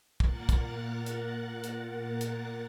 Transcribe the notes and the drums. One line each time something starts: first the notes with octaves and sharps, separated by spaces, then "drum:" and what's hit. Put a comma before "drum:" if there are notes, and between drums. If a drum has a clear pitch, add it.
A#2 A#3 A#4 F#5 F#6 A6, drum: kick
drum: kick, hi-hat
drum: hi-hat
drum: hi-hat
drum: hi-hat